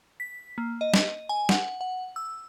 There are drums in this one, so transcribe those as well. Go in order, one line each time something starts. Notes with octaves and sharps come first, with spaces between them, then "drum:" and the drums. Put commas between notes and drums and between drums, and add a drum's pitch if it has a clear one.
B6
A#3
D#5
drum: snare
G#5
F#5, drum: snare
F#5
E6